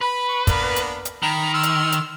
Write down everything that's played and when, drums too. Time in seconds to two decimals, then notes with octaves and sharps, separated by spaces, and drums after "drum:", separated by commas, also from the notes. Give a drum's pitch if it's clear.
0.01 B4 B5
0.28 C#6
0.47 A#3 B3 D4, drum: kick, hi-hat
0.76 drum: hi-hat
1.05 drum: hi-hat
1.23 D#3 A#5 B5
1.54 C6 E6 F6
1.63 drum: hi-hat
1.92 drum: hi-hat